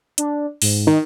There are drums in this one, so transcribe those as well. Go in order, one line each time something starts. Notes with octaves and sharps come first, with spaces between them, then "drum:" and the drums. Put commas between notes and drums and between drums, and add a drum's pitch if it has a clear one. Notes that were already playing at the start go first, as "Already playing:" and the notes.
D4, drum: hi-hat
G#2, drum: open hi-hat
D#3